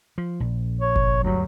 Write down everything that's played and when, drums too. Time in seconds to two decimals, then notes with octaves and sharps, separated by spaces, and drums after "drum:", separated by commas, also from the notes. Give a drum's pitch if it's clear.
0.18 F3
0.40 A#1
0.81 C#5
0.96 drum: kick G1
1.24 D2 G2 F#3